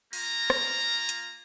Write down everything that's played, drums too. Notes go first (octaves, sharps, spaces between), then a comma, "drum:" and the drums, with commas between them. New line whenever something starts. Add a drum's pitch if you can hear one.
A#3 F4 A#5, drum: open hi-hat
drum: rim click
drum: hi-hat